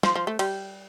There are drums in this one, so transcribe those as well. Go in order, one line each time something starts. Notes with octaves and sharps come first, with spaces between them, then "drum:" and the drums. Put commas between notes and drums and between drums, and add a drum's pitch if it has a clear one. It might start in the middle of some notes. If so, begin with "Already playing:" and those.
F3, drum: snare
F3
A3
G3, drum: cymbal